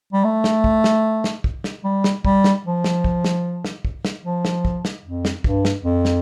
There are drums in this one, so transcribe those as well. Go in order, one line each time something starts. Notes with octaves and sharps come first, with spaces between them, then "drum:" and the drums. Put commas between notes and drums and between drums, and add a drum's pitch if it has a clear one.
G3
A3
drum: snare
drum: kick
drum: snare
drum: snare
drum: kick
drum: snare
G3
drum: snare
G3, drum: kick
drum: snare
F3
drum: snare
drum: kick
drum: snare
drum: snare
drum: kick
drum: snare
F3
drum: snare
drum: kick
drum: snare
F2
drum: snare
G2, drum: kick
drum: snare
F2
drum: snare